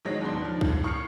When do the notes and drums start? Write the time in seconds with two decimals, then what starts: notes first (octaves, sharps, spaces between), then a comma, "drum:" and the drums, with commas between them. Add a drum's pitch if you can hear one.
0.05 A1 D#3 F#3 G#3 C#5 A#6
0.21 D#2 B2 D4 C6
0.41 D3 D#3 F3
0.61 C2 G#2, drum: kick
0.83 C2 C#6 F6 C7 C#7